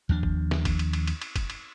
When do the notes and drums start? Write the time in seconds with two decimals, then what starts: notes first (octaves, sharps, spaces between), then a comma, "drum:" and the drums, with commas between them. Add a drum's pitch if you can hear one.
0.09 D#2 F3 D4
0.23 drum: kick F#1
0.51 drum: snare
0.65 drum: kick F#1, cymbal
0.79 drum: cymbal
0.93 drum: cymbal
1.07 drum: cymbal
1.22 drum: cymbal
1.36 drum: kick F#1, cymbal
1.50 drum: cymbal